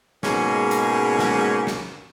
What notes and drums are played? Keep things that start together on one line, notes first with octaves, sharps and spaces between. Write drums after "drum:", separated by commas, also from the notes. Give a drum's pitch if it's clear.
G#2 B2 G#3 A#3 C#4, drum: snare
drum: hi-hat
drum: snare
drum: snare